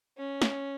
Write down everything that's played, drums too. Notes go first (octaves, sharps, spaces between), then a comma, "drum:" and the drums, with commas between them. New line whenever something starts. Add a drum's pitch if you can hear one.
C#4
drum: snare